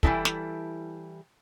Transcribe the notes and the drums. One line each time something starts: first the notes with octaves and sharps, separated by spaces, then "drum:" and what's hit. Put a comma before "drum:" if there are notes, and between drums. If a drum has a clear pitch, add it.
E3 G3 G#3 D#4 E4 A4, drum: kick
drum: snare